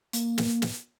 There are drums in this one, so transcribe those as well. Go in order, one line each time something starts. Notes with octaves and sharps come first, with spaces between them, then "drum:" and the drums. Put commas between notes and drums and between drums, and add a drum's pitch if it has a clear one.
A#3, drum: hi-hat
drum: snare
drum: snare